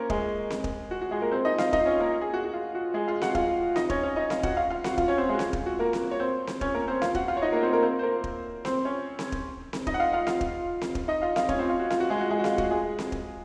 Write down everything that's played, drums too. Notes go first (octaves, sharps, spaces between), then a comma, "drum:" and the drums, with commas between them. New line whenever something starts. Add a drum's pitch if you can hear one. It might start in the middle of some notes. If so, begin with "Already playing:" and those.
Already playing: A#3 C#4 A#4 C5
G#3 G#4, drum: kick
drum: snare C4
drum: kick
F#4
F#4
G#3 G#4
A#3 A#4
C4 C5
D#4 D#5
F4 F5, drum: snare C4
D#4 D#5, drum: kick
C#4 C#5
A#3 A#4
G#4
F#4
F#4
F4
F#4
G#3 G#4
F4 F5
F#4 F#5, drum: snare C4
F4 F5, drum: kick
D#4 D#5, drum: snare C4
C#4 C#5, drum: kick
C#4 C#5
D#4 D#5
F4 F5, drum: snare C4
F#4 F#5, drum: kick
F4 F5
F4 F5
F#4 F#5, drum: snare C4
F4 F5, drum: kick
C#4 C#5
C4 C5
G#3 G#4
F#4
F4, drum: snare C4
F4, drum: kick
F#4
A#3 A#4
drum: snare C4
C#5
C4 C5
drum: snare C4
C#4 C#5, drum: kick
A#3 A#4
C4 C5
F4 F5, drum: snare C4
F#4 F#5, drum: kick
F4 F5
C#5
D#4 D#5
A#3 A#4
C4 C5
A#3 A#4
C4 C5
C5
A#3 A#4
drum: kick
C4 C5, drum: snare C4
C#4 C#5
drum: snare C4
drum: kick
drum: snare C4
D#4 D#5, drum: kick
F#5
F4 F5
F4 F5
F4 F5, drum: snare C4
drum: kick
drum: snare C4
drum: kick
D#4 D#5
F4 F5
F4 F5, drum: snare C4
C#4 C#5, drum: kick
C4 C5
F4
F#4
F4, drum: snare C4
F#4
G#3 G#4
F#4
G#3 G#4
F#4
F4, drum: snare C4
F#4, drum: kick
G#3 G#4
drum: snare C4
drum: kick